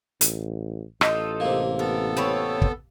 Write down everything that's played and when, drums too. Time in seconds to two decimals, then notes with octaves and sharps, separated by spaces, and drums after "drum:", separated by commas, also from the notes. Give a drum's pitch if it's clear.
0.21 A1, drum: hi-hat
1.01 A1 D#4 F4 A4, drum: rim click
1.40 C3 A#3
1.79 B3 A4 A#4
2.17 C4 B4 C#5
2.62 drum: kick